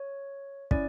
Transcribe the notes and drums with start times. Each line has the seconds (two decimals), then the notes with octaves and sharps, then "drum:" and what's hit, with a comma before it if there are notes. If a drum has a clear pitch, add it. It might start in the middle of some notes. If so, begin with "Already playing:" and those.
Already playing: C#5
0.71 C#4 E4 D5, drum: kick